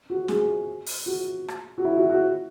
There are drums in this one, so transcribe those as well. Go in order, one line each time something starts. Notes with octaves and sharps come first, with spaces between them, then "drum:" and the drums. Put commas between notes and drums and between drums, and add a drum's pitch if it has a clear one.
F#4
G#4, drum: snare
drum: open hi-hat
F#4
drum: rim click
F#4
E4
F#4
F#4